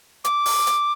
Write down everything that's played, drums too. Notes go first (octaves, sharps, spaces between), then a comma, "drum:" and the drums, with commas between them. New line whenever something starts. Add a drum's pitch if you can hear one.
D6, drum: hi-hat
drum: open hi-hat
drum: hi-hat